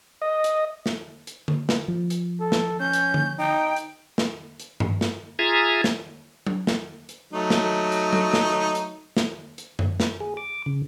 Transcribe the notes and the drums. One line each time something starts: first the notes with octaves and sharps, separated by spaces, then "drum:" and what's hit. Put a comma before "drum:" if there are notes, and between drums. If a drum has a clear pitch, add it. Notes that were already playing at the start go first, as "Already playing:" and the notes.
D#5
drum: hi-hat
drum: snare
drum: hi-hat
drum: tom D3
drum: snare
F3
drum: hi-hat
A4
drum: snare
C#4 G6
drum: hi-hat
drum: tom D3
D#4 G5
drum: hi-hat
drum: snare
drum: hi-hat
drum: tom G2
drum: snare
F4 G#4 E5 G#5 A#5
drum: snare
drum: tom F#3
drum: snare
drum: hi-hat
F#3 A3 D#4
drum: snare
drum: hi-hat
drum: tom F#3
drum: snare
drum: hi-hat
drum: snare
drum: hi-hat
drum: tom F#2
drum: snare
G#4
D6
C#3